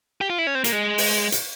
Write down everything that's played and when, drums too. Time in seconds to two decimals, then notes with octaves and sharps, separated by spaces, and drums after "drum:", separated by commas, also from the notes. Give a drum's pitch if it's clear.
0.21 G4
0.30 F4
0.38 E4
0.47 C#4
0.55 C4
0.64 A#3, drum: hi-hat
0.72 G#3
0.98 drum: open hi-hat
1.32 drum: hi-hat